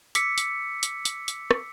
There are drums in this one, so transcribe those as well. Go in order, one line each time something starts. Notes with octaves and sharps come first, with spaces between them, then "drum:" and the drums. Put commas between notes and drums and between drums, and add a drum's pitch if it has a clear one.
D6 E6 B6 C#7, drum: hi-hat
drum: hi-hat
drum: hi-hat
drum: hi-hat
drum: hi-hat
drum: rim click